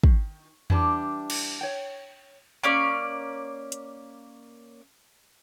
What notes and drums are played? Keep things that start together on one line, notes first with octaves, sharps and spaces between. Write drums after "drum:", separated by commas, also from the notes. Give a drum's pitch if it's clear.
D#3, drum: kick
E3 G3 D4 G4, drum: tom E2
drum: cymbal
C#5 G5
A#3 C#4 D5
drum: hi-hat